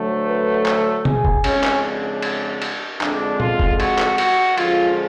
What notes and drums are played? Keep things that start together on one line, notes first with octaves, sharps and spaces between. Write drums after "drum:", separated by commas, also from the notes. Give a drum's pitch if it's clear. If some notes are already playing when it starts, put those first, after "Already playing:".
Already playing: D2 D3 F#3 A3
B4
A4, drum: clap
G#4, drum: tom B2
drum: kick
F2 C#3 G#3 C#4, drum: cymbal
drum: clap
D4
drum: cymbal
drum: cymbal
F2 D3 G#3 D4, drum: clap
F4, drum: tom A#2
drum: kick
F#4, drum: cymbal
drum: clap
F#4, drum: cymbal
F#2 D3 F3 G#3 F4, drum: cymbal